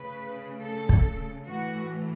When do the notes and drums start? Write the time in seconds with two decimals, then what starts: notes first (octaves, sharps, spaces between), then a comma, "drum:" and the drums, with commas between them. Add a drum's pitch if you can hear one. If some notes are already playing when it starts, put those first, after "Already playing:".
Already playing: C#3 A3 B4
0.61 A4
0.89 drum: kick
1.45 A2 E3 A3 F#4